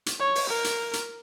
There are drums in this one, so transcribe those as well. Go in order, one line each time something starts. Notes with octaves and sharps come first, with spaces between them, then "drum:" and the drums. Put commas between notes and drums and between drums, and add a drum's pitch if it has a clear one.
drum: hi-hat
C#5
drum: open hi-hat
A#4
drum: hi-hat
drum: hi-hat